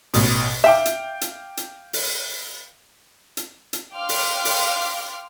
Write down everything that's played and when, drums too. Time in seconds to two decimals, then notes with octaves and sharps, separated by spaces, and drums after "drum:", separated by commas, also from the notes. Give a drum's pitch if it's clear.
0.14 A1 B2, drum: open hi-hat
0.64 E5 F5 G5 D6
0.85 drum: hi-hat
1.21 drum: hi-hat
1.57 drum: hi-hat
1.93 drum: open hi-hat
3.37 drum: hi-hat
3.73 drum: hi-hat
3.93 F5 G5 C6 D6 F6
4.09 drum: open hi-hat
4.45 drum: open hi-hat